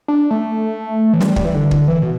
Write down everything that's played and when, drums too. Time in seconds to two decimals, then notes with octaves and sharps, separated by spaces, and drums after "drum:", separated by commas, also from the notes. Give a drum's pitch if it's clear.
0.08 D4
0.31 A3
1.13 E3
1.21 G3, drum: snare
1.36 G3, drum: kick
1.45 E3
1.55 D3
1.71 drum: kick
1.88 E3
2.02 B2